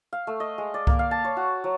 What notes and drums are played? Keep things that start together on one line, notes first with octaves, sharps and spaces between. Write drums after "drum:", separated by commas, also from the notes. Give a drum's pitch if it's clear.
F5
A3
D#5
G#3
D5
A#3, drum: kick C2
F5
A5
C#5
F#4
F#3